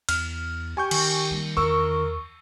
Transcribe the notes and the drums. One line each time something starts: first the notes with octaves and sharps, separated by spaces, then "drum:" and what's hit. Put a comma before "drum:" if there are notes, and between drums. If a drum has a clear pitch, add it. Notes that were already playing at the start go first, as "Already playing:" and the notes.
E2 F6, drum: cymbal
G4 G#5 C#6 G6
D#3, drum: cymbal
G3 A#3
E2 A#4 C#6 E6